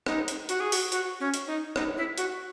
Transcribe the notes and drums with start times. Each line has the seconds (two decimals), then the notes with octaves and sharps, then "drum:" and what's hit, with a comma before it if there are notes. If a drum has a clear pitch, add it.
0.06 D#4, drum: rim click
0.28 drum: hi-hat
0.49 F#4, drum: hi-hat
0.60 G#4
0.72 F#4, drum: open hi-hat
0.92 F#4, drum: hi-hat
1.20 C#4
1.34 drum: hi-hat
1.47 D#4
1.76 D#4, drum: rim click
1.97 E4
2.18 F#4, drum: hi-hat